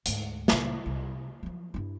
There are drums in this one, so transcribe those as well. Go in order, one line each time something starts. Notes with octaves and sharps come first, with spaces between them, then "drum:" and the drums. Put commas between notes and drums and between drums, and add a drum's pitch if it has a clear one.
D2 G#2, drum: hi-hat
C#2 A#2, drum: snare
C2
F3 F#3
G2 E4